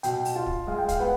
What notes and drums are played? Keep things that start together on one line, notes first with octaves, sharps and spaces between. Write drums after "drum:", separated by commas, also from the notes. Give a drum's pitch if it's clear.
B2 G5, drum: hi-hat
drum: open hi-hat
F4
drum: kick
G#3 F5
G5
F5, drum: kick, hi-hat
B3 G5